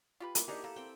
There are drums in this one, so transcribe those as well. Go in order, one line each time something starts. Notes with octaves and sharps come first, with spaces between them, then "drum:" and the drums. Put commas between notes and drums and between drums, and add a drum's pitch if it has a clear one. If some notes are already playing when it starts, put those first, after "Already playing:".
F4 G4 B4
A#3 E4, drum: hi-hat
D4 D#4 G4 G#4 A#4 F#5
A#3 A4
C4 G5